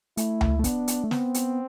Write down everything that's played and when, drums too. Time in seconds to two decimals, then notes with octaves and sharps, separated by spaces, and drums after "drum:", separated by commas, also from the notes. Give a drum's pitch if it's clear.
0.17 A3 E4, drum: hi-hat
0.41 drum: tom C#2
0.59 A3
0.64 B3 D4, drum: kick, hi-hat
0.88 drum: hi-hat
1.04 A3
1.11 B3 C4, drum: snare
1.34 drum: hi-hat